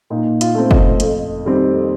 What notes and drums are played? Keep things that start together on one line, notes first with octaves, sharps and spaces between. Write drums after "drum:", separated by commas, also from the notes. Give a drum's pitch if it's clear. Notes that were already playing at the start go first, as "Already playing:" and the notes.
A#2 D#4
F4, drum: hi-hat
A3 C4
D#5, drum: kick
F2, drum: hi-hat
D#3 G3 C4